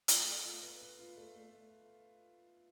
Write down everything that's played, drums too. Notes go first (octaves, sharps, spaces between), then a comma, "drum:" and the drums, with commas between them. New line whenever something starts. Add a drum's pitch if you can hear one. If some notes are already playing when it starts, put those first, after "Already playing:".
F4, drum: hi-hat
A3
F4
B4
B4
F4
A3
A3